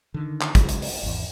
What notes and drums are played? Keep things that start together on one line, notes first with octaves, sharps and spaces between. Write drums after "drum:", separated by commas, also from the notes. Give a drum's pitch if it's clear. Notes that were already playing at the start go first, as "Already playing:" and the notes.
D3 D#3
drum: clap
C#3 F#3 G#3, drum: kick, hi-hat
drum: hi-hat
drum: open hi-hat
G#1 E2